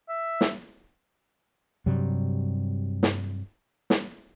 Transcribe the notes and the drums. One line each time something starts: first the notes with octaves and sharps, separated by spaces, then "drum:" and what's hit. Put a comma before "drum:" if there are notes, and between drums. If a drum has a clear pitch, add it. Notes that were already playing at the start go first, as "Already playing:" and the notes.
E5
drum: snare
G2 C3 F#3 G3
drum: snare
drum: snare